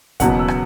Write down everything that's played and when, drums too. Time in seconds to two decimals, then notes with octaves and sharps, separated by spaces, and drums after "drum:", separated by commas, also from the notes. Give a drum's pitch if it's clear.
0.20 F#1 E2 B2 F#3 B3 F#5, drum: kick, hi-hat
0.39 E6
0.48 drum: rim click